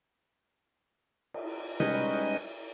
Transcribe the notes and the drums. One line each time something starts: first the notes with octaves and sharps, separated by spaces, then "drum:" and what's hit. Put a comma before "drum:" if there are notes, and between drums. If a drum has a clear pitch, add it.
drum: cymbal
G3 G#3 C#4 D#4 B4 D#5, drum: tom C3